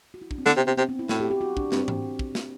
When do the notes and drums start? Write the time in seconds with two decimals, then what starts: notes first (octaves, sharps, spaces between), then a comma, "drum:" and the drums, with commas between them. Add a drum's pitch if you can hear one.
0.14 F#4
0.22 E4
0.31 D4, drum: kick
0.38 C4
0.46 D3 B3, drum: snare
0.57 C3
0.67 C3
0.77 C3 C4
0.89 C4
0.99 E4
1.09 A2 F#4, drum: snare
1.20 G4
1.31 G4
1.41 F#4
1.57 D4, drum: kick
1.72 G2 C4, drum: snare
1.88 drum: tom G#2
2.19 drum: kick
2.35 drum: snare